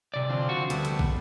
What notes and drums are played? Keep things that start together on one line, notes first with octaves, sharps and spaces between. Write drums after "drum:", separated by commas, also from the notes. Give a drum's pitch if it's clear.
C3 D5
D3 F3 C4
F#4
D2 G3 A3 B3, drum: hi-hat
drum: hi-hat
drum: kick